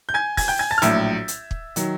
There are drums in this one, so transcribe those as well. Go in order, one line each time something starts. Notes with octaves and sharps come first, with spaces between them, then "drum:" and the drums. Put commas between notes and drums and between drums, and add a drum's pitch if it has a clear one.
G6
G#5 G#6
G#5 G#6, drum: kick, open hi-hat
G5 G6
G#5 G#6
A5 A6
F6
A#1 A2 F#3 E5 E6, drum: hi-hat
drum: hi-hat
drum: kick
D#3 F#3, drum: hi-hat